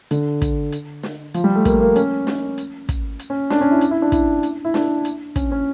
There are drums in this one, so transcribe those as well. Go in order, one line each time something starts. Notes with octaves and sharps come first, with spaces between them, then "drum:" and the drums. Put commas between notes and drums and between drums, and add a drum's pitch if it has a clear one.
D3, drum: hi-hat
drum: kick, hi-hat
drum: hi-hat
drum: snare
F3, drum: hi-hat
G3
A3
A#3, drum: kick, hi-hat
A#3
C#4, drum: hi-hat
drum: snare
drum: hi-hat
drum: kick, hi-hat
drum: hi-hat
C#4
D4, drum: snare
C#4
E4
drum: hi-hat
E4
D4
E4, drum: kick, hi-hat
drum: hi-hat
E4
D4, drum: snare
drum: hi-hat
C#4, drum: kick, hi-hat
C#4